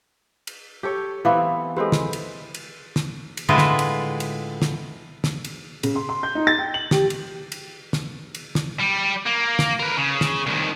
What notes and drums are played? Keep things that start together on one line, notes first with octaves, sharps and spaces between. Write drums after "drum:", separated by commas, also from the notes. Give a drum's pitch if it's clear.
drum: cymbal
G4 A4 C#5
E3 B3 C4 E4 F5 D6
G#3 C4 G4 A4 B4
drum: snare
drum: cymbal
drum: cymbal
drum: snare
drum: cymbal
A2 D3 G#3 E4 F4 B4
drum: snare
drum: cymbal
drum: cymbal
drum: snare
drum: snare
drum: cymbal
C#3, drum: cymbal
C6
C6
G6
D#4
A6
G5
F#7
G4, drum: snare
drum: cymbal
drum: cymbal
drum: snare
drum: cymbal
drum: snare
G3
A#3
drum: snare
A#4 B4
C#3
drum: snare
C2 D#3